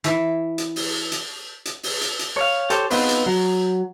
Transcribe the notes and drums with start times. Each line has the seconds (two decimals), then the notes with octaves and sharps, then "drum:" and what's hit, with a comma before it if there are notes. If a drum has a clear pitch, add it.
0.04 E3, drum: hi-hat
0.58 drum: hi-hat
0.76 drum: open hi-hat
1.12 drum: hi-hat
1.65 drum: hi-hat
1.83 drum: open hi-hat
2.01 drum: hi-hat
2.19 drum: hi-hat
2.37 C#5 F5
2.70 G4 A4 C5 C#5, drum: hi-hat
2.90 B3 C4 D#4 F4 B4 C5, drum: open hi-hat
3.09 drum: hi-hat
3.26 F#3